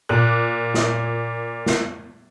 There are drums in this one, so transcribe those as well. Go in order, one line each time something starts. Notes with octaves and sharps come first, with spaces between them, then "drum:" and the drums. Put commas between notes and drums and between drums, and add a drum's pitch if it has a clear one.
A#2 D6 F#6
drum: snare
drum: snare